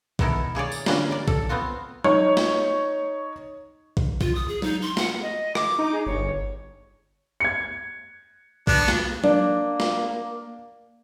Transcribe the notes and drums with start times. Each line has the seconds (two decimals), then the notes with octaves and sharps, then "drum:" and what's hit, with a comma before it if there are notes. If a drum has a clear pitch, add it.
0.19 B2 D#3 B3 E4 A4 A#4, drum: kick
0.55 A#3 G#4 C#5 D5
0.72 drum: tambourine
0.86 D3 G3 A#3 C#4 F#4 D#5, drum: snare
1.11 A#4 D5
1.28 A4, drum: kick
1.49 B3 C4 F4 F#4
2.04 D#4 C#5, drum: tom F#3
2.37 drum: snare
3.97 drum: kick
4.21 F4, drum: kick
4.35 D#6
4.48 G#4
4.62 D#4, drum: tom F#3
4.82 C6
4.97 F#5, drum: snare
5.23 D#5
5.55 D6, drum: rim click
5.79 D#4
5.92 G#4
6.07 G1 C#5
7.40 G#6 C#7
8.67 B3 D4 F#4, drum: kick
8.88 drum: snare
9.24 A#3 D4, drum: tom F#3
9.80 drum: snare